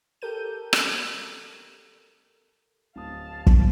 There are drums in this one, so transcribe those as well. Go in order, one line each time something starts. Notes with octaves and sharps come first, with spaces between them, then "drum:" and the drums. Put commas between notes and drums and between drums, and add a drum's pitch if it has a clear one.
G4 A4 A#4 G6 D#7
drum: rim click
D1 F5 A5 D#6
drum: kick